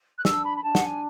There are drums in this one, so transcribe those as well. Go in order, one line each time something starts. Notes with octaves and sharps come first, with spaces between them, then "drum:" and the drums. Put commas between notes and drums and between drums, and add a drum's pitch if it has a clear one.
F#6
D4 E6, drum: snare
B5
B5
D4 A5
F#5, drum: snare
G#5